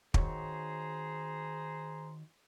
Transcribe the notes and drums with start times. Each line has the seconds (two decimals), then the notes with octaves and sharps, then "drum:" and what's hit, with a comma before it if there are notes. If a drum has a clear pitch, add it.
0.14 D#3 F#4 G#4 C5 C#5 A#5, drum: kick